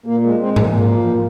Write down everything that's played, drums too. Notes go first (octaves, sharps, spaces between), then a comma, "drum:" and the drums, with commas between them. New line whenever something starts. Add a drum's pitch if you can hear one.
A#2 A#3
G#3
G#3 C4
A#2, drum: tom G#2
A#2 A#3
F3
A#2